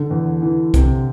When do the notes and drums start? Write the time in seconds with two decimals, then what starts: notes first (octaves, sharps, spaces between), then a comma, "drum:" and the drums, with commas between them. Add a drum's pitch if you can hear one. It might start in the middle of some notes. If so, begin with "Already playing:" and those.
Already playing: D3
0.11 E2
0.42 E3
0.74 C3, drum: kick, hi-hat